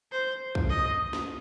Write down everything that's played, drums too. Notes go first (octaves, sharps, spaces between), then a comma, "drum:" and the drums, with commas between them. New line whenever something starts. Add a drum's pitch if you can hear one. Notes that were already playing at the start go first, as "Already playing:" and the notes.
C5
drum: kick
D#5
drum: snare